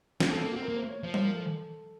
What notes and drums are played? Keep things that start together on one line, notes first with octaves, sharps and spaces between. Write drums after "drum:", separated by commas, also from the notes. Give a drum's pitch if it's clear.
A#3 F#4, drum: snare
C4 A4
A4
A#3
F#4
C4
A#4
A#3
C5
C#5
F3 C5
C5, drum: tom G3
A#4
A4